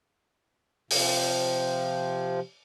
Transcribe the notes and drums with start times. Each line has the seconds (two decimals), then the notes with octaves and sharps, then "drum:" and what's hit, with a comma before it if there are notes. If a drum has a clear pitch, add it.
0.91 C3 F3, drum: open hi-hat